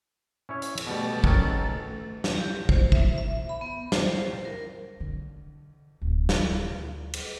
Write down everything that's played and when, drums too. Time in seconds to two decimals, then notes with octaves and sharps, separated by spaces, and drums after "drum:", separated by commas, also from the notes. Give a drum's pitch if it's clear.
0.49 C#4 E4 C#5
0.62 drum: hi-hat
0.77 drum: cymbal
0.87 B2 G3 A3 A4
1.24 D#3 C#4 F#5, drum: kick
2.24 drum: snare
2.35 G4
2.69 C5, drum: kick
2.92 E5, drum: kick
3.18 E5
3.49 B5
3.61 B3
3.92 C5, drum: snare
4.45 A#4
5.00 D3
6.02 D1 F2
6.29 D2, drum: snare
7.13 drum: cymbal